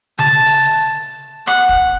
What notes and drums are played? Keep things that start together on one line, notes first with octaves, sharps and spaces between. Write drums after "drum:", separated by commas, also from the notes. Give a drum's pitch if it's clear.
A5, drum: tom C#3
drum: open hi-hat
F#5, drum: rim click
drum: kick